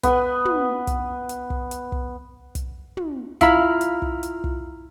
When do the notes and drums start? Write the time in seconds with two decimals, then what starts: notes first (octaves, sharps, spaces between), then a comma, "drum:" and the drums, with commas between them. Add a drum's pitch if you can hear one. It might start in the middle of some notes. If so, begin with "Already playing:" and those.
0.03 B3 B4, drum: kick, hi-hat
0.45 drum: tom
0.87 drum: kick, hi-hat
1.29 drum: hi-hat
1.50 drum: kick
1.71 drum: hi-hat
1.92 drum: kick
2.55 drum: kick, hi-hat
2.97 drum: tom
3.41 E4 F4 F5 A#5 B5 F6, drum: kick, hi-hat
3.81 drum: hi-hat
4.02 drum: kick
4.23 drum: hi-hat
4.44 drum: kick